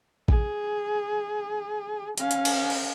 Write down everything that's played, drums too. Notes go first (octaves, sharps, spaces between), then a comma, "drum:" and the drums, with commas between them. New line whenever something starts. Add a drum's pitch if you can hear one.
G#4, drum: kick A1
C#4 F5, drum: hi-hat
drum: hi-hat
drum: cymbal
drum: cymbal